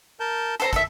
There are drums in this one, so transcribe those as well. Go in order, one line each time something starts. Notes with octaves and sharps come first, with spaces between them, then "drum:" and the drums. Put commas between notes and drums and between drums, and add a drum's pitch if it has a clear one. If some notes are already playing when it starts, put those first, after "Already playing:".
A#4 A5 G6
A4 C5 A#5, drum: hi-hat
D#3 A4 E5, drum: kick, hi-hat